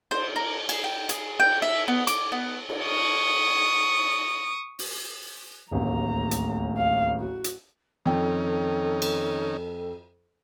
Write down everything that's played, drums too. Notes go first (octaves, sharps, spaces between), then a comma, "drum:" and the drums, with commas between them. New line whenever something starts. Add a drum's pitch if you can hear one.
C5, drum: cymbal
A#4
G#4, drum: cymbal
G5
G#4, drum: hi-hat
G5, drum: cymbal
E5
B3
D6, drum: hi-hat
B3
drum: cymbal
C#6 D#6
drum: open hi-hat
D1 A1 D#2 A#5
drum: hi-hat
F5
F#4
drum: hi-hat
F2 D#3 C#4 D#4 A4 G5
drum: cymbal